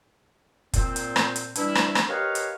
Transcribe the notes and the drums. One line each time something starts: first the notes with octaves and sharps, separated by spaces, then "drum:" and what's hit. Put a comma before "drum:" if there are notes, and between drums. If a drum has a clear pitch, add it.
A#2 C4, drum: kick, hi-hat
drum: hi-hat
drum: rim click
drum: hi-hat
E3 G3 D4 E4, drum: hi-hat
drum: rim click
drum: rim click
G4 A#4 B4 C#5 D#5 F5
drum: hi-hat